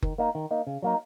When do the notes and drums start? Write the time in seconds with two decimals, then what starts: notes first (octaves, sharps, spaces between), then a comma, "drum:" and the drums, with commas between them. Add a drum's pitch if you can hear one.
0.02 D#3, drum: kick F#1
0.18 A#3 D#4
0.35 D#3
0.51 A#3 D#4
0.67 C#3
0.82 F#3 A#3 D#4